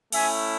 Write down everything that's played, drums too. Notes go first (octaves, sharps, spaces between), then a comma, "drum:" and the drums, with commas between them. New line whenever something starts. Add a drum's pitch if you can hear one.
A3 C#4 E4 E5 G#5, drum: cymbal